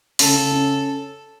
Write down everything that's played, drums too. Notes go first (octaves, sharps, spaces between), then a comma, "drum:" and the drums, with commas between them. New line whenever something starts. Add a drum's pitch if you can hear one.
C#3 A4, drum: open hi-hat
C#3
C#4